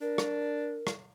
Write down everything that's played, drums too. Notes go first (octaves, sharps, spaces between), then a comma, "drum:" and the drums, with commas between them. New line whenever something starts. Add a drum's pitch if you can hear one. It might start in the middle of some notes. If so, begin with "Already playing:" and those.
D4 A#4
drum: rim click
drum: rim click